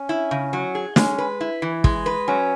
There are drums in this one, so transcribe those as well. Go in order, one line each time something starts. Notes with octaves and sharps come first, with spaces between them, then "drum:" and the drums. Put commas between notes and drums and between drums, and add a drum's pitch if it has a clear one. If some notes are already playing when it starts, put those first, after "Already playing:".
Already playing: C#4
E4
C#3
F#3
G#4
G#3 C#4, drum: snare
B4
E4
E3
G#3, drum: kick
B4
F#3 C#4